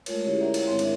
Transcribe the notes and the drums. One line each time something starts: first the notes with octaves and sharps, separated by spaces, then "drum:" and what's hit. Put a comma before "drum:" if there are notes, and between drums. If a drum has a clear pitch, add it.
G#3 A3 F4 A#4 C#5, drum: cymbal
D3 C#4 E4 G4 G#4 C#5
A#4 D5 E5 F#5 A#5
E4 C5 C#5 F5 G5 A#5, drum: cymbal
G#2 D#3 G#3 C4 C#5 C6
D4 E4 A#4 E5, drum: cymbal